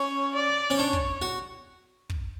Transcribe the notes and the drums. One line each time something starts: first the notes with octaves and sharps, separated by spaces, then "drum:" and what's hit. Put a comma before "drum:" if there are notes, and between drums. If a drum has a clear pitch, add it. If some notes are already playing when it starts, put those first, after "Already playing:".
Already playing: C#4 C#5
D5
C#4
D4 C#5
drum: kick
F#4
drum: kick